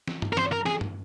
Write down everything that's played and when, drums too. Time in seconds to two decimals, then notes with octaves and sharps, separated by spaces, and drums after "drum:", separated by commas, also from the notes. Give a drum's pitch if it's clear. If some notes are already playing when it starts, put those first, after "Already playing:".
0.08 drum: snare
0.22 drum: tom G2
0.33 A#4
0.37 C5, drum: snare
0.52 A#4
0.66 G#4, drum: snare
0.81 drum: tom G2